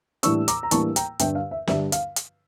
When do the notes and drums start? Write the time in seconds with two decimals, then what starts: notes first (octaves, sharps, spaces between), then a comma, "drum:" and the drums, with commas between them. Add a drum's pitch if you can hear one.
0.23 A2 E3 G3 A#3 D4 C#6 E6, drum: hi-hat
0.48 A#5 D6, drum: hi-hat
0.63 A#5
0.71 A2 E3 G3 A#3 D4 A5 C#6, drum: hi-hat
0.96 G5 A#5, drum: hi-hat
1.19 G2 D3 G3 D4 E5 G5, drum: hi-hat
1.35 F5
1.51 E5
1.67 G2 D3 G3 D4 E5, drum: snare
1.92 F5, drum: hi-hat
2.16 drum: hi-hat